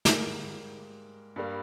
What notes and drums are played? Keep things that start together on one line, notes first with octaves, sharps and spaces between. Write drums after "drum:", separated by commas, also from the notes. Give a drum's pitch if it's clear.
G#2 G3 A#3 A#4, drum: snare
G2 G3 A#3